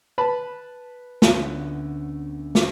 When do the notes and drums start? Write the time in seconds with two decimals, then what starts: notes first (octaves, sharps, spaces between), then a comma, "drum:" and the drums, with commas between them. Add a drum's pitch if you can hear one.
0.18 B4 A5 B5
1.22 D2 B3 C#4, drum: snare
2.55 drum: snare